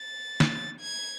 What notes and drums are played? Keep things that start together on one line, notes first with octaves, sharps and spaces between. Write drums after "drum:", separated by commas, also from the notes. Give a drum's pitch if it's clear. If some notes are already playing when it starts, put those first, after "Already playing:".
Already playing: A6
drum: snare
G#6